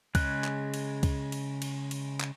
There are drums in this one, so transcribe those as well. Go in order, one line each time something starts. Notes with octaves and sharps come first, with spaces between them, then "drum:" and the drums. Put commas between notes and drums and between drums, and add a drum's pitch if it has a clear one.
C#3 G#3 F#6, drum: kick C#2, cymbal
drum: clap
drum: cymbal
drum: kick C#2, cymbal
drum: cymbal
drum: cymbal
drum: cymbal
drum: clap